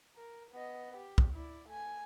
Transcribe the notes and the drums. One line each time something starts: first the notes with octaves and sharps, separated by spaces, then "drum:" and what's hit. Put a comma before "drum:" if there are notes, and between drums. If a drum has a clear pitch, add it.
A#4
B3 D#5
G4
drum: kick
E4 D5
A3 G#5